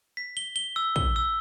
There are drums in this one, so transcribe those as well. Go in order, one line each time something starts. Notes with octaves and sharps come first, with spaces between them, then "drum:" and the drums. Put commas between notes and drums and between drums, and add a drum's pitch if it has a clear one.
B6
G7
G7
E6
G7, drum: kick
E6